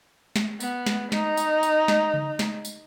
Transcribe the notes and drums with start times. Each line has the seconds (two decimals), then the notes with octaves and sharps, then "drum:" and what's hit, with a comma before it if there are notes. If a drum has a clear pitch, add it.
0.36 drum: snare
0.60 B3, drum: tambourine
0.87 drum: snare
1.12 D#4, drum: snare
1.37 drum: tambourine
1.63 drum: tambourine
1.88 drum: snare
2.14 drum: tom C#3
2.39 drum: snare
2.65 drum: tambourine